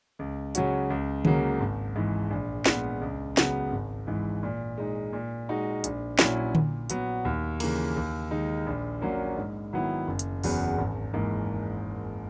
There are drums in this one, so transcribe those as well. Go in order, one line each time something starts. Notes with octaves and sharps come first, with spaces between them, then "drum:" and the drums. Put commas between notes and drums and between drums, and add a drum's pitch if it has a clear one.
C#2
C#3 F#3 C#4 F#4, drum: hi-hat
C#2
C#3 F#3 A#3, drum: tom D3
G#1
G#2 E3
A#1
A#2 G#3 B3, drum: snare
C#2
C#3 F#3 B3, drum: snare
G#1
G#2 E3
A#2
G#3 D#4
A#2
G#3 D#4 F#4
A#1, drum: hi-hat
A#2 F#3 C#4 E4, drum: snare
A#2, drum: tom D3
F#3 B3 F#4, drum: hi-hat
D#2
C#3 E3 A#3, drum: cymbal
D#2
D#3 G#3 D#4
A#1
A#2 F#3 A#3 C#4
G#2
D#3 F#3 B3 E4
F#1
drum: hi-hat
E2 C#3 F#3 B3, drum: open hi-hat
G#1
G#2 E3 A#3